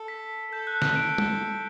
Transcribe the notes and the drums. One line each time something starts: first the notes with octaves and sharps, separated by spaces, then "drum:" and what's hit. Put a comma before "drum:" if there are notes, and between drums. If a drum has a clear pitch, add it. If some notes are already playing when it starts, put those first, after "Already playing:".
Already playing: A4
B6
A4 G6
F#6
F#6, drum: snare
D7
drum: tom